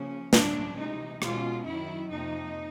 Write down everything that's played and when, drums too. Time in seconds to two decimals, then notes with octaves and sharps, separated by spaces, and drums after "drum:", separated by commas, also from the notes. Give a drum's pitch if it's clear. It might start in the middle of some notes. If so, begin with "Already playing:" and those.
Already playing: C#3 F3 A#3 C#4
0.33 A2 F#3 A#3 C#4 D4, drum: snare
0.77 C3 E3 G#3 D#4
1.22 B2 G#3 C#4 F4, drum: rim click
1.65 F#2 D#3 F#3 E4
2.10 F2 C3 F3 A#3 D#4